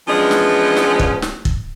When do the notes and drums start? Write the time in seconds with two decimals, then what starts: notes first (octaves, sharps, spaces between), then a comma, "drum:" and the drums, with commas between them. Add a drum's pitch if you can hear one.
0.08 E3 F3 G#3 B3 C#4 D4
0.31 drum: snare
0.77 drum: snare
0.99 drum: kick
1.22 drum: snare
1.45 drum: kick